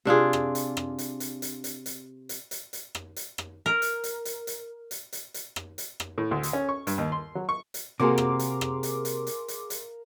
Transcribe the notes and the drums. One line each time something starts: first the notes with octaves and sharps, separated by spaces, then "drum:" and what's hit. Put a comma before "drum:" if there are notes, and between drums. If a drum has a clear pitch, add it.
C3 D4 F4 G#4
drum: rim click
drum: hi-hat
drum: rim click
drum: hi-hat
drum: hi-hat
drum: hi-hat
drum: hi-hat
drum: hi-hat
drum: hi-hat
drum: hi-hat
drum: hi-hat
drum: rim click
drum: hi-hat
drum: rim click
A#4
drum: hi-hat
drum: hi-hat
drum: hi-hat
drum: hi-hat
drum: hi-hat
drum: hi-hat
drum: hi-hat
drum: rim click
drum: hi-hat
drum: rim click
A2
D2
drum: hi-hat
C#4
C#6
G2, drum: hi-hat
D#2
C6
F#3
C#6
drum: hi-hat
C3 A#3 F#4 G#4 A#4 F5 C6 D6
drum: rim click
drum: hi-hat
drum: rim click
drum: hi-hat
drum: hi-hat
drum: hi-hat
drum: hi-hat
drum: hi-hat